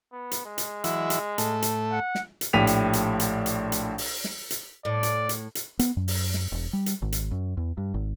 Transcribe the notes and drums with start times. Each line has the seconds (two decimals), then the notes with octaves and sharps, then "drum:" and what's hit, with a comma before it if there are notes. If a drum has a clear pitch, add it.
0.12 B3
0.31 drum: hi-hat
0.45 G#3
0.58 drum: hi-hat
0.84 E3 F#3 E4, drum: hi-hat
1.10 drum: hi-hat
1.38 A2 A3, drum: hi-hat
1.62 drum: hi-hat
1.92 F#5
2.15 drum: snare
2.41 drum: hi-hat
2.53 A#1 A2 G4 B6 D#7 F7
2.67 drum: hi-hat
2.93 drum: hi-hat
3.20 drum: hi-hat
3.46 drum: hi-hat
3.72 drum: hi-hat
3.98 drum: open hi-hat
4.24 drum: snare
4.51 drum: hi-hat
4.85 A2 D5
5.03 drum: hi-hat
5.29 drum: hi-hat
5.55 drum: hi-hat
5.79 B3, drum: hi-hat
5.97 F#2
6.08 drum: open hi-hat
6.34 drum: snare
6.52 E1
6.73 G3
6.86 drum: hi-hat
7.02 G#1
7.12 drum: hi-hat
7.31 F#2
7.57 E2
7.77 G2
7.94 G#1